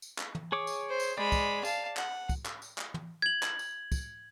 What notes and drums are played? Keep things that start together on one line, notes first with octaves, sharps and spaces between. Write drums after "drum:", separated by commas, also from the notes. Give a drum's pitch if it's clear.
drum: tambourine
drum: clap
drum: tom
G#4 C#5 D6
drum: tambourine
C5
drum: tambourine
G#3 D5 B5
drum: kick, tambourine
F5 A5, drum: tambourine
F#5, drum: clap
drum: kick, tambourine
drum: clap
drum: tambourine
drum: clap
drum: tom
G#6 F#7
drum: clap
drum: tambourine
drum: kick, tambourine